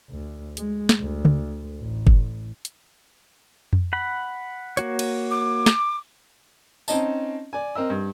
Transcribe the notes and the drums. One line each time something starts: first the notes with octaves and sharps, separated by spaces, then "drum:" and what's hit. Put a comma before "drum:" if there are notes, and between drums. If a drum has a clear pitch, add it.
D2
G#3, drum: hi-hat
drum: snare
D2
drum: tom C#3
A1
drum: kick F#1
drum: hi-hat
drum: tom F2
F#5 B5
A#3 F#4 C#5, drum: hi-hat
drum: cymbal
D6
drum: snare
C4 C#4 D#4 D#5 A5, drum: tambourine
D5 G#5
C4 A#4 D#5 E6
G2